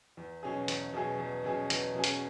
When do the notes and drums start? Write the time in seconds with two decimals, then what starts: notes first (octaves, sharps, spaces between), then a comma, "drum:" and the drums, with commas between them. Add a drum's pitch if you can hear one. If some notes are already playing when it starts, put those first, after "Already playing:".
0.17 E2
0.43 B2 F#3 C#4 G#4
0.68 E2, drum: hi-hat
0.93 B2 F#3 C#4 G#4
1.18 E2
1.44 B2 F#3 C#4 G#4
1.70 E2, drum: hi-hat
1.95 B2 F#3 C#4 G#4
2.04 drum: hi-hat